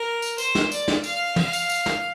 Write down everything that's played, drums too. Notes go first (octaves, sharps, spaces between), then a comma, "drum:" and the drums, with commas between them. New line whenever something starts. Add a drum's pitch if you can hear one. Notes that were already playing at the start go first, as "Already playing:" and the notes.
Already playing: A#4
drum: tambourine
C5, drum: tambourine
drum: snare
D5, drum: tambourine
drum: snare
F5, drum: tambourine
F5, drum: tom
drum: tambourine
drum: tambourine
drum: snare